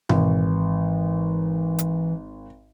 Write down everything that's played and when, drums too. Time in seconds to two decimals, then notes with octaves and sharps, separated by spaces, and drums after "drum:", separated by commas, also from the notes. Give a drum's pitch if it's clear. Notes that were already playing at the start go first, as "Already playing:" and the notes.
0.09 G#1 E3, drum: tom B2
1.78 drum: hi-hat